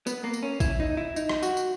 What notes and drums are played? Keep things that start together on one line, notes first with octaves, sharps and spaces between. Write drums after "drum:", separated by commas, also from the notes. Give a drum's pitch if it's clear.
B3, drum: tambourine
A#3
drum: tambourine
C#4
E4, drum: kick, tambourine
D#4
E4
D#4, drum: tambourine
drum: rim click
F#4, drum: tambourine
drum: tambourine